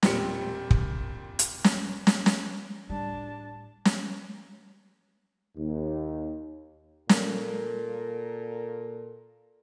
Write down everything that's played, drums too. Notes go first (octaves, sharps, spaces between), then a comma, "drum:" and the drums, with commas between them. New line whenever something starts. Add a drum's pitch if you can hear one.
E1 A#2 G3 C4 G4 C#7, drum: snare
drum: kick
drum: hi-hat
drum: snare
drum: snare
drum: snare
A2 G3 D4 A5
drum: snare
D#2
A#2 A4 A#4, drum: snare